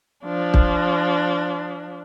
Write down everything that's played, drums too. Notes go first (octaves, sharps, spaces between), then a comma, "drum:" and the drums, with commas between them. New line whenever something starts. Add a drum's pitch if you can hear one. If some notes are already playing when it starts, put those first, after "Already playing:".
F3 D4
drum: kick